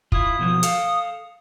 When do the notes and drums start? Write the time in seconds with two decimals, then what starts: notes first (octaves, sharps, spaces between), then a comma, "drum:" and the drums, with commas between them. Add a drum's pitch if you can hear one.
0.12 E4 F4 D#6, drum: kick
0.39 B2 F3 F#3
0.63 A4 F5, drum: hi-hat